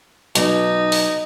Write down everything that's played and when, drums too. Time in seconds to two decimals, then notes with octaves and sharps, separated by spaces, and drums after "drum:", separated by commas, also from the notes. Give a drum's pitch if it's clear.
0.35 B1 D#4, drum: hi-hat
0.92 drum: open hi-hat